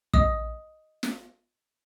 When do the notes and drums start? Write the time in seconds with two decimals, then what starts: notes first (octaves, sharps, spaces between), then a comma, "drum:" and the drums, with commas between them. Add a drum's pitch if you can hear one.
0.14 D#5 D#6, drum: kick
1.03 drum: snare